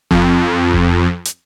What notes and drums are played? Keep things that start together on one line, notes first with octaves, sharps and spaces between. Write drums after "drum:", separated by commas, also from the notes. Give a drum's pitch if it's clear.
F2, drum: kick E1
drum: kick E1
drum: hi-hat